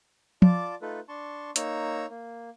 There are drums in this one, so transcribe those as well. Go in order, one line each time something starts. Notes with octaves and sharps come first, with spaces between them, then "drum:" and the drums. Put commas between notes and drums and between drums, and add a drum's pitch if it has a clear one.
F4 D5 A5 D6, drum: tom
A3 D#4 F4 A4 B4
D4 A5 C6 C#6
A#3 D#4 C#5 A#5 E6, drum: hi-hat
A#3